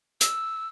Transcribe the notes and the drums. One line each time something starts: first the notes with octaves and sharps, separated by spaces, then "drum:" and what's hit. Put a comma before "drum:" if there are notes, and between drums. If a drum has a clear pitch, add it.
E6, drum: hi-hat